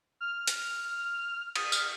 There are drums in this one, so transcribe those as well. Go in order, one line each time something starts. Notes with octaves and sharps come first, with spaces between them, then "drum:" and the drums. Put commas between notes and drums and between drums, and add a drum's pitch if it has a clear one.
F6
drum: hi-hat
D#6, drum: cymbal
F6, drum: tambourine